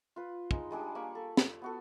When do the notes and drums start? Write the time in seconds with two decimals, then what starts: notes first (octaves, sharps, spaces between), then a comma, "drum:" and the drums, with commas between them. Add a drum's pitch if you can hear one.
0.16 F4 B4
0.51 G#3 D#4, drum: kick
0.71 G3 G#3 D4 G#4
0.95 A#3 B5 C#6
1.15 A4
1.37 drum: snare
1.62 B3 F#4 A4